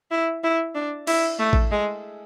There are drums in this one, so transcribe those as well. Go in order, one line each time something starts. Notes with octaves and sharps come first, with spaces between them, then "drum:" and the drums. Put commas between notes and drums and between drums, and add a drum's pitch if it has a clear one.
E4
E4
D4
E4, drum: cymbal
A3
drum: kick A1
G#3